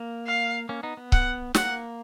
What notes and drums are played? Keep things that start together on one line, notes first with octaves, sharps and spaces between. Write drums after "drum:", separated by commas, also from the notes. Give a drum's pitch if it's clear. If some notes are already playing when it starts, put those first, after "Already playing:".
Already playing: A#3
F5
A#3 C#4
B3 D#4
B3
F#5, drum: kick C#1
A#3 F#5, drum: snare